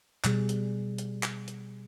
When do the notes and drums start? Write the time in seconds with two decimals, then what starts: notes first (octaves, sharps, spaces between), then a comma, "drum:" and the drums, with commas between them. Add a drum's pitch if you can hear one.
0.24 B2 G3 G#4, drum: clap
0.49 drum: hi-hat
0.98 drum: hi-hat
1.23 drum: clap
1.48 drum: hi-hat